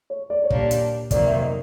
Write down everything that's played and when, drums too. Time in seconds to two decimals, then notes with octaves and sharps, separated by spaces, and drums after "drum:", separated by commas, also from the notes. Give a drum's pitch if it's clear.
0.10 C#5
0.30 D5
0.44 C#5
0.50 A#2 G3 A#3 D4, drum: kick
0.59 D5
0.71 drum: hi-hat
1.11 F2 C3 D#3 F#3 A#3 D5, drum: kick, hi-hat
1.27 E5
1.42 D#5